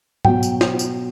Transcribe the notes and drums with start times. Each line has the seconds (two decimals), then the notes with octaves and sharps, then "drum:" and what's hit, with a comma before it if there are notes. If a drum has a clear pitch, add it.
0.25 B2 F#3 G5, drum: tom G#2
0.43 drum: tambourine
0.61 drum: snare
0.79 drum: tambourine